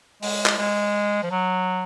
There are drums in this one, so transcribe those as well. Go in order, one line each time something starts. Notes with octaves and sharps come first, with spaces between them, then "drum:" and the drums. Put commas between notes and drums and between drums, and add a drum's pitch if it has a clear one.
G#3, drum: open hi-hat
drum: clap
G#3
F3
F#3